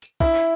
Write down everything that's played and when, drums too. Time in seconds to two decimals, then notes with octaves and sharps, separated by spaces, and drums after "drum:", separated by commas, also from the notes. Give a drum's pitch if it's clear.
0.02 drum: tambourine
0.20 E4, drum: kick